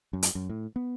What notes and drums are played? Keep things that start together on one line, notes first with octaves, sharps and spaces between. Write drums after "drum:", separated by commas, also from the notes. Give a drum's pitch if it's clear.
F#2
drum: hi-hat
F#2
A2
B3